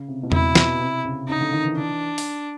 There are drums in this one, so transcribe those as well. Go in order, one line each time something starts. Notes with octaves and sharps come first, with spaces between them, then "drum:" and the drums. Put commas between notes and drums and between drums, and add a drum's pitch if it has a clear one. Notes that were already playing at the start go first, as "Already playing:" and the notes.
Already playing: C#3
C3
B2
C3 E4, drum: tom E2
B2, drum: snare
C3
C#3
C#3 D#4
D3
D#3
E3
D4
drum: open hi-hat